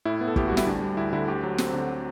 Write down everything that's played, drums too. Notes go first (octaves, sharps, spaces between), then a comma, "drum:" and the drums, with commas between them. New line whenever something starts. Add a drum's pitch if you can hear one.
A2 E4
B3
A4
A2 G4, drum: kick
G3 F#4
E4, drum: snare
D2 D4
G3
D2 E4
D3 E4
D2 G4
F#3
C4, drum: snare
D3